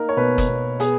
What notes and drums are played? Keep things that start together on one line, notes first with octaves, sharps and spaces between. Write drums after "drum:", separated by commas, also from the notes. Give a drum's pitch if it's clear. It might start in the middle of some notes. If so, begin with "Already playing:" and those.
Already playing: A#3 D#4 A#4
C#5
B2 B4
drum: kick F#1, hi-hat
B2
B3 G#4, drum: hi-hat